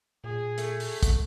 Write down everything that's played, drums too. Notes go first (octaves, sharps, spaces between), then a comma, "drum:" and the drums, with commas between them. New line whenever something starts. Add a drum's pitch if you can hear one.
A#2 G#4
A3, drum: hi-hat
drum: open hi-hat
drum: kick, hi-hat